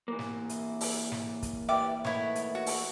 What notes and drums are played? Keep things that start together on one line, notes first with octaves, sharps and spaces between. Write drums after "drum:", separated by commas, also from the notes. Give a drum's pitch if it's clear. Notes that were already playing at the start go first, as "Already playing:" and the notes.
E3 A#3
drum: snare
E4, drum: hi-hat
drum: open hi-hat
drum: snare
drum: kick, hi-hat
G4 B4 D5 E5 G5 D6
A3 B3 D#4 E4 C#5, drum: snare
drum: hi-hat
F#4
drum: open hi-hat